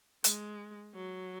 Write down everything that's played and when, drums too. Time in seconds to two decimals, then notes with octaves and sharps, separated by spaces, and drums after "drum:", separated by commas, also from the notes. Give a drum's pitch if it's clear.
0.24 G#3, drum: hi-hat
0.95 F#3